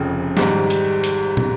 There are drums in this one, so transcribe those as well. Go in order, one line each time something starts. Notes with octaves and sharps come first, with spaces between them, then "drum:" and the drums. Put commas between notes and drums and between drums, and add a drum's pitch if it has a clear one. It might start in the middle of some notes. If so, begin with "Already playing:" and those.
Already playing: F1 F2 C#3
G#1 G#2 G3, drum: snare
drum: hi-hat
drum: hi-hat
drum: tom